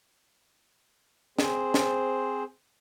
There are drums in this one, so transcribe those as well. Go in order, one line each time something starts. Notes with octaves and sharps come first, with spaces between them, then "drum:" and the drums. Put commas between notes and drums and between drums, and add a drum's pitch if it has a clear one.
C4 G#4 C5, drum: snare
drum: snare